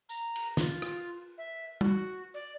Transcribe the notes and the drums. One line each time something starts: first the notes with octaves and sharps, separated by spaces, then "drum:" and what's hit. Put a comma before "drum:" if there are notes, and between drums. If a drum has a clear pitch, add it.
A#5, drum: tambourine
drum: cymbal
F4, drum: snare
drum: rim click
E5
F#4, drum: tom
D5